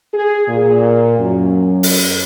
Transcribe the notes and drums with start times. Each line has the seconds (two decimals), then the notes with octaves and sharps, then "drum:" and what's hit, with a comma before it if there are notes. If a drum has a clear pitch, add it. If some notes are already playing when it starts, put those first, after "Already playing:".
0.13 G#4
0.48 A#2
1.18 F#2
1.83 drum: open hi-hat